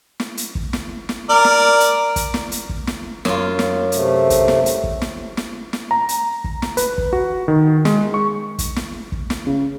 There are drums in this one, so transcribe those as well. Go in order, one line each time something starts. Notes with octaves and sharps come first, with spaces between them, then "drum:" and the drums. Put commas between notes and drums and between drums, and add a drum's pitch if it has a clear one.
drum: snare
drum: hi-hat
drum: kick
drum: snare
drum: snare
A#4 D5
drum: snare
drum: hi-hat
drum: kick, hi-hat
drum: snare
drum: hi-hat
drum: kick
drum: snare
F#2 F4, drum: snare
drum: snare
C3 A3, drum: hi-hat
drum: kick, hi-hat
drum: snare
drum: hi-hat
drum: kick
drum: snare
drum: snare
drum: snare
A#5
drum: hi-hat
drum: kick
drum: snare
B4, drum: hi-hat
drum: kick
F#4
D#3
G#3, drum: snare
C#6
drum: kick, hi-hat
drum: snare
drum: kick
drum: snare
C#3